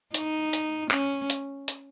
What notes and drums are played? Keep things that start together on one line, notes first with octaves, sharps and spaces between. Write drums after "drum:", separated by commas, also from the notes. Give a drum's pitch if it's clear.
D#4, drum: hi-hat
drum: hi-hat
C#4, drum: clap
drum: hi-hat
drum: hi-hat